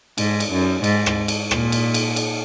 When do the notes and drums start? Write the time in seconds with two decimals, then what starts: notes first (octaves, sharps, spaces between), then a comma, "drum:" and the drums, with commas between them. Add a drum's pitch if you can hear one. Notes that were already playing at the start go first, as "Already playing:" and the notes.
0.18 G#2, drum: cymbal
0.40 drum: cymbal
0.52 F#2
0.84 G#2, drum: cymbal
1.06 drum: rim click
1.28 drum: cymbal
1.51 A#2, drum: rim click
1.72 drum: cymbal
1.94 drum: cymbal
2.16 drum: cymbal